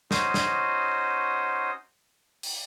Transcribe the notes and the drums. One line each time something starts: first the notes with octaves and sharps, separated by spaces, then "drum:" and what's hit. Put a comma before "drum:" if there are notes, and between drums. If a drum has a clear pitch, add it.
C#4 D#4 F#4 C5 D#6, drum: snare
drum: snare
drum: open hi-hat